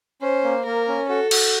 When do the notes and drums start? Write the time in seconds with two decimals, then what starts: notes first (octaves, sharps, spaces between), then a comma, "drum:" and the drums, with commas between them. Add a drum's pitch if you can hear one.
0.22 C#4 C5
0.44 A#3
0.65 A#3 A#4
0.88 C#4
1.09 F#4 A4
1.31 F#4, drum: cymbal